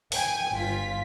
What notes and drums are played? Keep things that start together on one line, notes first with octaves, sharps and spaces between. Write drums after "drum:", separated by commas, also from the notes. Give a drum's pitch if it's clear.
G5 G#5, drum: open hi-hat
G1 F4 B6